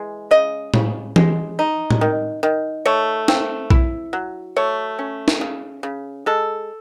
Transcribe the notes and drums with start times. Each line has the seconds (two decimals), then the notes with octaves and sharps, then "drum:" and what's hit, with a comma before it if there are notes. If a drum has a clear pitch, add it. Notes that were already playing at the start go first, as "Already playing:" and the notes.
Already playing: E3 G#3
0.31 C#3 D#5
0.74 C#3, drum: tom A2
1.16 G#3, drum: tom E3
1.59 D#4
1.91 drum: tom A2
2.01 D#3
2.43 D#3
2.86 A3 C#5
3.28 C4, drum: snare
3.70 E4, drum: kick B1
4.13 F#3
4.56 A3 C#5
4.99 C#4
5.28 drum: snare
5.41 C#3
5.83 C#3
6.26 G#3 A4